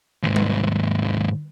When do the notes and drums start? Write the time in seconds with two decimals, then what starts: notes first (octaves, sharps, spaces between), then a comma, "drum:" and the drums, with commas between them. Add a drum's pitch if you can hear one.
0.23 D#2 G#2
0.36 drum: tom G3